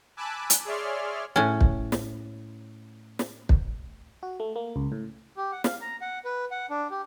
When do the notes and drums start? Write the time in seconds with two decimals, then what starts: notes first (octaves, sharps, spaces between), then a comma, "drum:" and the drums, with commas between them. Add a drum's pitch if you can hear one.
0.17 G#5 A5 B5 D6 E6 F#6
0.50 drum: hi-hat
0.65 G#4 C#5 D5 E5 C6 F6
1.36 A2 C#4
1.61 drum: kick
1.92 drum: snare
3.19 drum: snare
3.49 drum: kick
4.23 F#4
4.40 A3
4.56 A#3
4.76 C#2
4.92 A2
5.37 G4
5.52 F#5
5.64 F5, drum: snare
5.81 A#5
6.01 F#5
6.25 B4
6.51 F#5
6.70 D4
6.90 G4